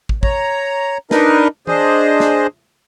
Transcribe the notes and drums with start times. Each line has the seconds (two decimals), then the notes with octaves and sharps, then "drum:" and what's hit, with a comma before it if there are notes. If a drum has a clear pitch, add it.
0.09 drum: kick
0.23 C#5 A#5, drum: kick
1.11 D4 D#4 A#4 B4 D#5, drum: snare
1.67 D4 G#4 C5 D#5, drum: tom E3
2.20 drum: snare